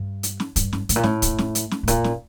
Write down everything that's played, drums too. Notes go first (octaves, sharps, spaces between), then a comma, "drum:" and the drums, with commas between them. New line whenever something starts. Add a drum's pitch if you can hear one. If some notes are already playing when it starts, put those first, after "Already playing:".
Already playing: G2
drum: hi-hat
drum: snare
G2, drum: kick, hi-hat
drum: snare
A2, drum: hi-hat
A#2
A2, drum: snare
drum: kick, hi-hat
drum: snare
drum: hi-hat
drum: snare
A2
A#2, drum: kick, hi-hat
drum: snare